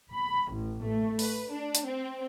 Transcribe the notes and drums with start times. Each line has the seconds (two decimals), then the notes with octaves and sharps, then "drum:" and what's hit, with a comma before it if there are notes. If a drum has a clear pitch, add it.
0.11 B5
0.51 A1
0.83 A3
1.19 B4, drum: open hi-hat
1.51 D4
1.75 drum: hi-hat
1.85 C4